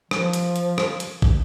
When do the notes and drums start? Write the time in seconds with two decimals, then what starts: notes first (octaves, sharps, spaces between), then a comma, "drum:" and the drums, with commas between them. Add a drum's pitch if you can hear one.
0.11 F3, drum: rim click
0.33 drum: hi-hat
0.56 drum: hi-hat
0.78 drum: rim click
1.00 drum: hi-hat
1.22 drum: kick